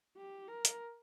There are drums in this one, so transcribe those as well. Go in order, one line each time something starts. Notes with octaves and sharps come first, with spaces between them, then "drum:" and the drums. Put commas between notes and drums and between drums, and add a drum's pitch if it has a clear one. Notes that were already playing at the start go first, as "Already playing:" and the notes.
G4
A#4
drum: hi-hat